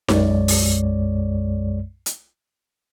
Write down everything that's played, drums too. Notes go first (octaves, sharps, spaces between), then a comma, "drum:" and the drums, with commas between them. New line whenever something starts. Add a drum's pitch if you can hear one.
B1 F#2 G#3 C#5 D5, drum: snare D#4
drum: open hi-hat
drum: hi-hat